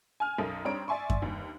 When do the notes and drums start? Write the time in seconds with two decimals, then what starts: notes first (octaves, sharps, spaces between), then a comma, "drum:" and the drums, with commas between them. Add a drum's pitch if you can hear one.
0.20 G#5 F6
0.38 B1 F#2 A4 A#4 D#6
0.65 G3 C4 D4 C#5 A#5 D7
0.88 D5 E5 G#5 C6 C#6
1.10 drum: kick F#2
1.22 G1 D#2